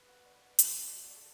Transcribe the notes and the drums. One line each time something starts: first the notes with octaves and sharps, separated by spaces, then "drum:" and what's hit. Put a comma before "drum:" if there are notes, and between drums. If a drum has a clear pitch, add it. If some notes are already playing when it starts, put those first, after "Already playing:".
Already playing: B4
F#4
D4
D4
A4, drum: hi-hat
F#4
D4
D4 A4